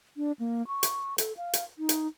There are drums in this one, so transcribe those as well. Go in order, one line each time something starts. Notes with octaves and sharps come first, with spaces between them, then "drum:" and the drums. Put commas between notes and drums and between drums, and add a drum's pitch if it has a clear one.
D4
A#3
C#6
drum: hi-hat
A4, drum: hi-hat
F5
drum: hi-hat
D#4
drum: hi-hat